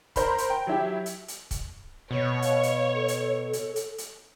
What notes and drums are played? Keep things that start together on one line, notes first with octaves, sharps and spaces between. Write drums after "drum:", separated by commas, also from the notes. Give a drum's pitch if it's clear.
A#4 C5 A#5 B5, drum: kick, hi-hat
drum: hi-hat
G5
F#3 E4 G4
drum: hi-hat
drum: hi-hat
drum: kick, hi-hat
B2 C#5
F5, drum: hi-hat
drum: hi-hat
A4
drum: hi-hat
drum: hi-hat
drum: hi-hat
drum: hi-hat